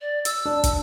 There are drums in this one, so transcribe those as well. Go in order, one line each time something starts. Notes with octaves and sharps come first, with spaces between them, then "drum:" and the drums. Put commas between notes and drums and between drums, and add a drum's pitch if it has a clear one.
D5
E6, drum: hi-hat
D4
drum: kick, hi-hat